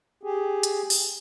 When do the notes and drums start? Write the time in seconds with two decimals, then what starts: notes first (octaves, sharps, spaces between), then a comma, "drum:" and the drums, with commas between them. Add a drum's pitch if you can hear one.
0.23 G4 G#4
0.63 drum: hi-hat
0.90 drum: open hi-hat